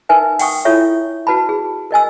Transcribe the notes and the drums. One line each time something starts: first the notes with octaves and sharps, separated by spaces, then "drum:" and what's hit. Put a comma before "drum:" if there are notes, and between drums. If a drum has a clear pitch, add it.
D#4 A#4 B4 E5 G#5
F#5 G5 C#6 D#6, drum: open hi-hat
E4 F4 A4 C#5 E5 C#6
F#4 B4 A5 B5
G#4
A#4 D#5 G#5 E6